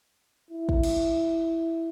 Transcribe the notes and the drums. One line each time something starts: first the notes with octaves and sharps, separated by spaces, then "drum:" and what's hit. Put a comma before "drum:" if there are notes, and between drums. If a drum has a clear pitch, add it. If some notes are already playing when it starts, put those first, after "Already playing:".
E4
drum: kick
drum: cymbal